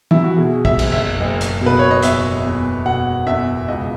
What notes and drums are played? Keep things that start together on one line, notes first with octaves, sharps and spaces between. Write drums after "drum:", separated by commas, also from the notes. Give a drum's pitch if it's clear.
E4, drum: tom E3
F#4
B2 G#4
E5, drum: kick A#1
F#1, drum: cymbal
E5
F#1 D#5
drum: hi-hat
B2
B4
C#5
D#5
E2 E5, drum: hi-hat
E2
B2 F#5
E2 E5
C#2 D#5